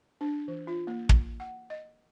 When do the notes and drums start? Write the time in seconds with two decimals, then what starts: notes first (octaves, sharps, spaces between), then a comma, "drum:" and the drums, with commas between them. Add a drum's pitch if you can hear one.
0.21 D4
0.48 E3
0.67 F4
0.87 A#3
1.09 drum: kick
1.40 F#5
1.70 D#5